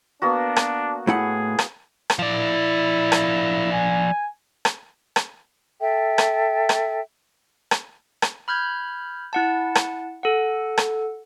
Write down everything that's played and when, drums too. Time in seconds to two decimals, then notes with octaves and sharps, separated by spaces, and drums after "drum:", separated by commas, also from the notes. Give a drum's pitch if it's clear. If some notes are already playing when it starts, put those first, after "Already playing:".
0.22 A#3 B3 D4 F#4
0.56 drum: rim click
1.07 A2 E4 G#4 F#5
1.59 drum: rim click
2.10 drum: rim click
2.19 F3 E4 D5
3.12 drum: rim click
3.72 G#5
4.65 drum: rim click
5.16 drum: rim click
5.80 A4 E5 G5
6.18 drum: rim click
6.69 drum: rim click
7.71 drum: rim click
8.22 drum: rim click
8.48 B5 F6 G6 G#6
9.33 E4 F#5 A5
9.75 drum: rim click
10.23 A4 F#5
10.78 drum: rim click